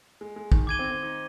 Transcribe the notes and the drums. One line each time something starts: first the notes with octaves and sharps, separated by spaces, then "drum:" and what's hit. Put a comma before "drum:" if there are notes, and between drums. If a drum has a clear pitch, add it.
G#3
G#3
D#3, drum: kick
D#3 D6 G#6 D#7 G7
C4
C4
D#4